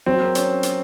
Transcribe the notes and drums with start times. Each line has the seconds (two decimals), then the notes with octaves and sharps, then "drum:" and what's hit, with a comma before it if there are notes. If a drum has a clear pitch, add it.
0.06 F#3 C4
0.20 A#3
0.35 C#4, drum: hi-hat
0.63 drum: hi-hat